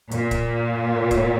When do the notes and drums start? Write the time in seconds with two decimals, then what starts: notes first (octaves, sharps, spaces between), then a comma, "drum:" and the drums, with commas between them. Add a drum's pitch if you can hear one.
0.11 A#2, drum: hi-hat
0.31 drum: kick, hi-hat
1.11 drum: kick, hi-hat